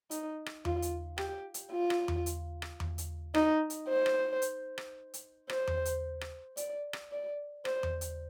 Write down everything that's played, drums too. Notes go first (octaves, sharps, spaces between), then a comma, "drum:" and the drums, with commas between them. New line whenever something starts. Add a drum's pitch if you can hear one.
D#4, drum: hi-hat
drum: rim click
F4, drum: tom E2
drum: hi-hat
G4, drum: rim click
drum: hi-hat
F4
drum: rim click
drum: tom E2
drum: hi-hat
drum: rim click
drum: tom E2
drum: hi-hat
D#4, drum: rim click
drum: hi-hat
C5
drum: rim click
drum: hi-hat
drum: rim click
drum: hi-hat
C5, drum: rim click
drum: tom E2
drum: hi-hat
drum: rim click
D5, drum: hi-hat
drum: rim click
D5
C5, drum: rim click
drum: tom E2
drum: hi-hat